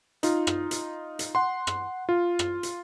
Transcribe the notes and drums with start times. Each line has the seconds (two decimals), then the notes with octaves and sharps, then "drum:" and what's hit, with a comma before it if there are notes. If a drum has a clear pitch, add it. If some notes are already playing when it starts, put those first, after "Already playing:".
0.23 D#4 F4, drum: hi-hat
0.47 drum: rim click
0.71 drum: hi-hat
1.19 drum: hi-hat
1.35 F#5 C6
1.67 drum: rim click
2.09 F4
2.39 drum: rim click
2.63 drum: hi-hat